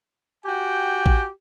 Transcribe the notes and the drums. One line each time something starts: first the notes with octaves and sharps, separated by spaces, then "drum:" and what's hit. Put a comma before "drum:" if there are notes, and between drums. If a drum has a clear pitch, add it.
F#4 G4 G5 G#5
drum: kick A1